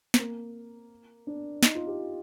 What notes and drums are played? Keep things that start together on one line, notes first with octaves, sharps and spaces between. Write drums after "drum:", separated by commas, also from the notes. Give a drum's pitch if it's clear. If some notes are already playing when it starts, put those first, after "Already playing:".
C4, drum: snare
A#3
D4
D#4, drum: snare
F4
G4